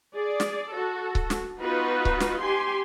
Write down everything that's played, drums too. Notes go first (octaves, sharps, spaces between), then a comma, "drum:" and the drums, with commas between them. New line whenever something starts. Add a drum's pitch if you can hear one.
G#4 D5
drum: snare
F#4 A4
drum: kick C#1
drum: snare
B3 D#4 F4 F#4 B4
drum: kick C#1
drum: snare
G4 G#5 C6